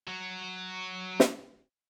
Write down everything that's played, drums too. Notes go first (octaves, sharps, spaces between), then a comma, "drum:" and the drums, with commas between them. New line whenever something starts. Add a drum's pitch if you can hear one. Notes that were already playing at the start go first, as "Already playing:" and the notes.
F#3 F#4
drum: snare